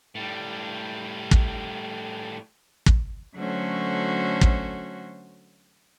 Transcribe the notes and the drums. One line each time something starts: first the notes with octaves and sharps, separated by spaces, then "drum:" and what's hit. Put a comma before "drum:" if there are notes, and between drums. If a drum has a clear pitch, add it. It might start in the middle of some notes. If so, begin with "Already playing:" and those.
A2 G3
drum: kick
drum: kick
D3 F#3 A3 C#4 F#4 C5
drum: kick